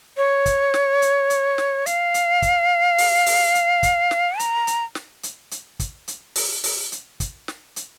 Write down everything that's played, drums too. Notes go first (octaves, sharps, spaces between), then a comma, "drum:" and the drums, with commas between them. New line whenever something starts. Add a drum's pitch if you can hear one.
C#5
drum: kick, hi-hat
drum: snare
drum: hi-hat
drum: hi-hat
drum: snare
F5, drum: hi-hat
drum: hi-hat
drum: kick, hi-hat
drum: open hi-hat
drum: open hi-hat
drum: hi-hat
drum: kick, hi-hat
drum: snare
A#5, drum: hi-hat
drum: hi-hat
drum: snare
drum: hi-hat
drum: hi-hat
drum: kick, hi-hat
drum: hi-hat
drum: open hi-hat
drum: open hi-hat
drum: hi-hat
drum: kick, hi-hat
drum: snare
drum: hi-hat